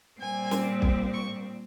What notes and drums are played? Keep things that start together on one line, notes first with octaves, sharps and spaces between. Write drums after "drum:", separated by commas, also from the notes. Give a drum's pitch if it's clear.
A#2 G3 C4 G#5
drum: snare
drum: kick
C#6